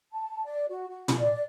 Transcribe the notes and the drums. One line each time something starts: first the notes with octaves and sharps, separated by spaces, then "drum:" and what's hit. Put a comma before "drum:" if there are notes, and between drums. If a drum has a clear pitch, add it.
A5
D5
F#4
F#4
drum: tom
D5